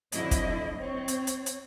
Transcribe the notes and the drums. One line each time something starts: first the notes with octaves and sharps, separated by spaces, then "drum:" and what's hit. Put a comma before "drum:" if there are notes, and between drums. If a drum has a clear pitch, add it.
F2 D3 F#3 E4 D#5, drum: hi-hat
drum: kick, hi-hat
C4 C#5
drum: hi-hat
drum: hi-hat
drum: hi-hat